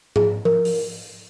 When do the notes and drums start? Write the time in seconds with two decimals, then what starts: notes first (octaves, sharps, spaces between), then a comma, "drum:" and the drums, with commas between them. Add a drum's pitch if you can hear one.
0.16 G#4, drum: tom
0.45 A#4, drum: tom F3
0.65 drum: open hi-hat